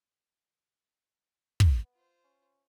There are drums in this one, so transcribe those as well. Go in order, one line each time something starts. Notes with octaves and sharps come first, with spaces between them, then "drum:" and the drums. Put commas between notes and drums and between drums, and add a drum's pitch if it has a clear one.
B3, drum: kick
F4 C5
C#4